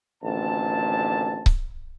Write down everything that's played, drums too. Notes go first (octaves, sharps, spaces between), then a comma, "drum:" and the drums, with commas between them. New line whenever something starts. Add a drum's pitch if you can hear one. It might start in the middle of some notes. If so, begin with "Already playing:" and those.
A1 D2 A#2 D#3 C4 A5
drum: kick C#1